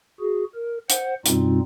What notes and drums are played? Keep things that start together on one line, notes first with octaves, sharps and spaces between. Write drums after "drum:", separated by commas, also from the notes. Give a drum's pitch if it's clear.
F#4 G#4
A#4
C5 F#5, drum: hi-hat
F#2 B2 G3 C4 D#4 F4, drum: hi-hat